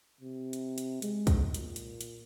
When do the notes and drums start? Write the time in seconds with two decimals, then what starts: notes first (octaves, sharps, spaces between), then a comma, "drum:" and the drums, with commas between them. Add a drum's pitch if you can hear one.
0.21 C3
0.53 drum: hi-hat
0.78 drum: hi-hat
1.02 G#3, drum: hi-hat
1.27 drum: kick, hi-hat
1.54 A#2, drum: hi-hat
1.76 drum: hi-hat
2.01 drum: hi-hat